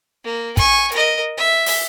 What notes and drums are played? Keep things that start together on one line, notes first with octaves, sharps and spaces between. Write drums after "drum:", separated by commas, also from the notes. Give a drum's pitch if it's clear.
A#3
G#5 C#6, drum: kick, hi-hat
A#4 D#5, drum: hi-hat
E5
drum: open hi-hat